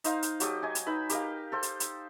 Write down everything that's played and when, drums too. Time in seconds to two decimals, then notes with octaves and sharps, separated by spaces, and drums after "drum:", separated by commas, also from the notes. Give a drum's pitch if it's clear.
0.04 D#4 C5 D#5 F5, drum: hi-hat
0.23 drum: hi-hat
0.40 F#3 G4 A4 D#6, drum: hi-hat
0.62 D#5 G#5 D6
0.75 drum: hi-hat
0.86 D#4 B4 B5 E6
1.09 G4 A#4 D#5 F5, drum: hi-hat
1.52 A4 C5 G5
1.63 drum: hi-hat
1.80 drum: hi-hat